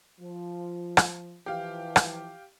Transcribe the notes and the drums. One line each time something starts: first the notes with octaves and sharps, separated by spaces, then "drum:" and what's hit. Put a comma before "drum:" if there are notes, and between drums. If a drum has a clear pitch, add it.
F3
drum: rim click
E3 F3 G4 F5
drum: rim click